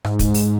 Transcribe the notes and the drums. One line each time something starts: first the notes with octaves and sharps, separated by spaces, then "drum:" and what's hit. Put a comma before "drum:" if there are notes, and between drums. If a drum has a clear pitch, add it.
G#2, drum: rim click
drum: kick, hi-hat
drum: open hi-hat